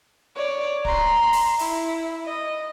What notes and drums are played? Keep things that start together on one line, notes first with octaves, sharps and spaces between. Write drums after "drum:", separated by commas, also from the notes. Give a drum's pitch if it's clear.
C#5 D5
A#5 C6, drum: kick
drum: open hi-hat
E4, drum: open hi-hat
D#5